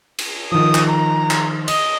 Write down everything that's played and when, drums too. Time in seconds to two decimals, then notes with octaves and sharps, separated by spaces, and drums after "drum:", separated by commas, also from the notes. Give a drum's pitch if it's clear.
0.19 drum: cymbal
0.52 D#3 F3 D#6
0.75 drum: clap
0.88 A#5
1.30 drum: clap
1.68 D#5, drum: cymbal